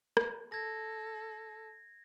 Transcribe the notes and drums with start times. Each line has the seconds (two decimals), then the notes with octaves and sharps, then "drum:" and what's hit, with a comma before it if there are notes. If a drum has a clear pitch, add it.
0.17 drum: rim click
0.52 A4 G#6 A#6